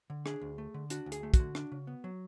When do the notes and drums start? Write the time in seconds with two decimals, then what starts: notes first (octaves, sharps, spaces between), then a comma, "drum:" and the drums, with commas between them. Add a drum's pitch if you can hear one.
0.10 D3
0.26 D4 G#4, drum: rim click
0.41 D2
0.58 A3
0.74 D3
0.90 D4 F#4, drum: hi-hat
1.06 D2
1.12 G#4, drum: hi-hat
1.23 A3
1.34 F#4, drum: kick, hi-hat
1.39 D3
1.55 D4, drum: rim click
1.72 C#3
1.87 B3
2.04 F#3